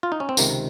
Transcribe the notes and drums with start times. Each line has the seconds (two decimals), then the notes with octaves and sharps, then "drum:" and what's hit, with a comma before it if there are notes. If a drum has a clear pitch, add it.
0.03 F4
0.12 D#4
0.20 C#4
0.29 C4
0.37 C#2 C3 D#3 A#3, drum: tambourine